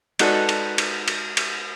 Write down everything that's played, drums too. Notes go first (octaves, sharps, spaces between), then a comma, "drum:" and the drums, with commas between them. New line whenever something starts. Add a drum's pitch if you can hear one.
G#3 D#4 F#4 A4 B4 D5, drum: cymbal
drum: cymbal
drum: cymbal
drum: cymbal
drum: cymbal